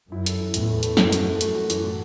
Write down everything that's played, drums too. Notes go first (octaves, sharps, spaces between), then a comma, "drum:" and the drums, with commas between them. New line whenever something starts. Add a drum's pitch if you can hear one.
F#2 E4
A4, drum: hi-hat
E3
E2 A2 E4, drum: hi-hat
A3
A3, drum: hi-hat
F#2 E3, drum: snare
F#4, drum: hi-hat
A3
F#2 A3, drum: hi-hat
F#4
E3, drum: hi-hat
A2